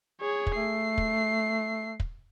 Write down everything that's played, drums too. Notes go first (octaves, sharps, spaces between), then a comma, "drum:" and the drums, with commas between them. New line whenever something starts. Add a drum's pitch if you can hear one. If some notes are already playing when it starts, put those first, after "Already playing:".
G#4 C#5
drum: kick
A3 C7
drum: kick
drum: kick